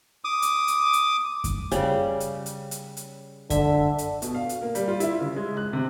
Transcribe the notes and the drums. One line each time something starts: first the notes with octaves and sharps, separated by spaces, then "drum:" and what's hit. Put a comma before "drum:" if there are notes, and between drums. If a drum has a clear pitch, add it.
D6 D#6
drum: hi-hat
drum: hi-hat
drum: hi-hat
drum: kick F#2, hi-hat
C#3 G3, drum: hi-hat
drum: hi-hat
drum: hi-hat
drum: hi-hat
drum: hi-hat
D3 E5, drum: kick F#2, hi-hat
drum: hi-hat
B2, drum: hi-hat
F5
drum: hi-hat
A#3
G3, drum: hi-hat
F4
E4, drum: hi-hat
C#3
G#3
F#6
C3